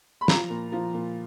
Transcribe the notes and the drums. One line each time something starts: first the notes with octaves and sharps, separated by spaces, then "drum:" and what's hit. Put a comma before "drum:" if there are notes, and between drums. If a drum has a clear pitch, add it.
B5
F3 A#5, drum: snare
A#2
F3
A#2